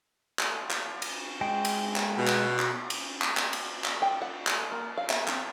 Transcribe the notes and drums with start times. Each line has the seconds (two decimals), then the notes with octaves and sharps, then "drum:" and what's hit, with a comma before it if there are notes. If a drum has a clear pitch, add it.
0.39 drum: clap
0.71 drum: clap
1.02 drum: cymbal
1.41 G#3 G5
1.65 drum: cymbal
1.96 drum: clap
2.17 B2
2.27 drum: clap
2.59 drum: clap
2.90 drum: cymbal
3.21 drum: clap
3.37 drum: clap
3.53 drum: cymbal
3.84 drum: clap
4.02 G5
4.22 F#5
4.47 drum: clap
4.72 A#3
4.98 F5
5.10 E5, drum: clap
5.28 C4, drum: clap